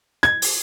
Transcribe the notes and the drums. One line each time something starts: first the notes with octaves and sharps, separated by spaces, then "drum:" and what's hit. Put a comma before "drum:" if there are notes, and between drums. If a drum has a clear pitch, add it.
G#6, drum: rim click
drum: open hi-hat